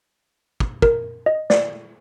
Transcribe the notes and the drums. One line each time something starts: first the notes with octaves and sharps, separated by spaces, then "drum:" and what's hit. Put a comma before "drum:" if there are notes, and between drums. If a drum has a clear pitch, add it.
drum: kick
A#4, drum: kick
D#5
D5, drum: snare